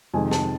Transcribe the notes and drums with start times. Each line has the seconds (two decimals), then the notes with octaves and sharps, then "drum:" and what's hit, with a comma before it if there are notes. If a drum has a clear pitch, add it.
0.14 F2 C3 D#3 G#3 G#5
0.31 A5, drum: snare